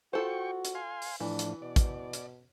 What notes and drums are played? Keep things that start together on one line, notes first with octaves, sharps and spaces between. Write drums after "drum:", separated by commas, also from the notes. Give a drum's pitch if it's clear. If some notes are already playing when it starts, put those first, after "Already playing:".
F4 F#4 A4 C5 G5 C#6
drum: hi-hat
F5 G#5 C6
drum: open hi-hat
A2 E3 F3 D4
drum: hi-hat
B2 D5
drum: kick, hi-hat
drum: hi-hat